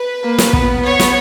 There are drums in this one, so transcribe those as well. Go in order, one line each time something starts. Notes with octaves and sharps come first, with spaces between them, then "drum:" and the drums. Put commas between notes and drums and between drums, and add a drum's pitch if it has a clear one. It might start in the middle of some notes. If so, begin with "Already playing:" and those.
Already playing: B4
A#3
drum: snare
B3, drum: kick
C#5
drum: snare